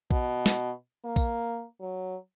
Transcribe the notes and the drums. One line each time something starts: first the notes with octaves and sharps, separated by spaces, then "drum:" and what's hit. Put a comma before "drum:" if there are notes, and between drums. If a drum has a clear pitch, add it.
B2, drum: kick A#1
drum: snare
A#3
drum: kick A#1, tambourine
F#3